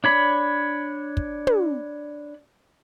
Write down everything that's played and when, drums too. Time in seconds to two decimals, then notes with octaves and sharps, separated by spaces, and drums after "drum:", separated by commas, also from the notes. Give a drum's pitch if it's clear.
0.04 D4 C#5 B5
1.17 drum: kick
1.47 drum: tom